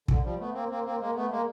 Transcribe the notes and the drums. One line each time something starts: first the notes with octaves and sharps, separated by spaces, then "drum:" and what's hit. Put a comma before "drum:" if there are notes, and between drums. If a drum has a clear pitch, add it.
D3, drum: kick
F3 G3
A3 B3
A#3 C4
A#3 C4
A#3 C4
G#3 A#3
A3 B3
G#3 A#3